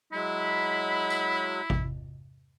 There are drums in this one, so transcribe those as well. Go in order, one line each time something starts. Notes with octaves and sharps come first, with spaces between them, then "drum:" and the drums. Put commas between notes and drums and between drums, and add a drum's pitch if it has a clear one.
F#3 G#3 E4 B5
drum: tambourine
drum: kick